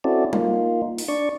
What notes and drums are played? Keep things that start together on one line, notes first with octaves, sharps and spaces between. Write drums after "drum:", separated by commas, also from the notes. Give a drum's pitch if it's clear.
C4 C#4 E4 F#4 A4 D5
A#3 D#4 F4, drum: tom G3
drum: open hi-hat
D4 D5 C#6